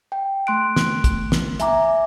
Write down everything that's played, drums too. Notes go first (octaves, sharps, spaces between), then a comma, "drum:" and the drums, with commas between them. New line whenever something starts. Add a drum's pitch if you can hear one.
G5
A3 C6 F#6 D7
drum: snare
drum: kick, hi-hat
drum: snare
E5 G#5 A#5 D6, drum: hi-hat